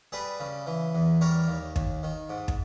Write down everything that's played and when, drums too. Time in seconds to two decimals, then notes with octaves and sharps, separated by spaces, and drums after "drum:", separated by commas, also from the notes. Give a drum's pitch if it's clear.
0.12 G3 G#4 B4
0.40 C#3
0.67 E3
0.95 E2
1.21 G3 A#4 C#5
1.48 D#2
1.76 D#2, drum: kick
2.03 D#3
2.30 G#2
2.48 drum: kick